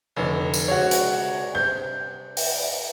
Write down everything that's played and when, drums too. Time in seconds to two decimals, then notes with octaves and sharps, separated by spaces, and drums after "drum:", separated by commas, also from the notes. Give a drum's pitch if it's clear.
0.17 F1 D3 E3 C#4
0.54 drum: tambourine
0.68 C#2 C3 F#4 C#5
0.91 drum: hi-hat
1.55 G2 C3 G6
2.37 drum: open hi-hat